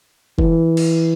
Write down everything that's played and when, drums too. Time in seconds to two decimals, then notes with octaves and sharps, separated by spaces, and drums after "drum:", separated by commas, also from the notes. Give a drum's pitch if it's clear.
0.39 E3, drum: kick
0.77 drum: cymbal